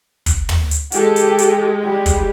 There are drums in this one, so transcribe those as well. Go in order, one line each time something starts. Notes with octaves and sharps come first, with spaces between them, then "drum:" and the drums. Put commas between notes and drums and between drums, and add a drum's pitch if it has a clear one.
drum: kick, hi-hat
drum: tom
drum: hi-hat
G#3 G4 A4, drum: hi-hat
drum: hi-hat
drum: hi-hat
G3 G4
drum: kick, hi-hat